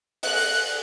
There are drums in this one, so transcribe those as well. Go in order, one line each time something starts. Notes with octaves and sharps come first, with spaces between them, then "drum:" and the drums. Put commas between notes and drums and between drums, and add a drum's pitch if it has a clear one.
F#6, drum: open hi-hat